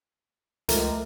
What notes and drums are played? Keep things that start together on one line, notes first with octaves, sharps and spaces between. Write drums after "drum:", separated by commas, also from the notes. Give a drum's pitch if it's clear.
C#2 F3 A3 A#4, drum: hi-hat